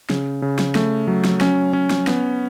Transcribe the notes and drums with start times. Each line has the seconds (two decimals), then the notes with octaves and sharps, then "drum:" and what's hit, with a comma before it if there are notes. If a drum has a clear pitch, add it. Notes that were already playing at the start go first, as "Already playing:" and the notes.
0.10 C#3, drum: snare
0.42 C#3
0.59 drum: snare
0.75 A3, drum: snare
1.08 F#3
1.25 drum: snare
1.41 C#4, drum: snare
1.73 C#4
1.90 drum: snare
2.07 B3, drum: snare